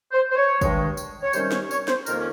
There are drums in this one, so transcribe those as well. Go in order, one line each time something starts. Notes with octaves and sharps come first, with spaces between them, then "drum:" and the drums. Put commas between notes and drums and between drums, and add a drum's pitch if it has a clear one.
C5
C5
C#5
G2 D#3 G#3, drum: kick, tambourine
drum: tambourine
C#5
C3 D#3 G3 C#4 C5, drum: tambourine
C#5, drum: snare
C#5, drum: tambourine
C5, drum: snare
F2 D#3 A#3 A#4, drum: tambourine
C#4